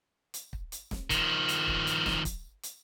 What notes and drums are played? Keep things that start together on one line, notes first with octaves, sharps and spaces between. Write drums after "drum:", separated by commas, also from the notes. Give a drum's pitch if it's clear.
drum: hi-hat
drum: kick
drum: hi-hat
drum: snare
D#3 F3, drum: kick, hi-hat
drum: hi-hat
drum: kick
drum: hi-hat
drum: snare
drum: kick, hi-hat
drum: hi-hat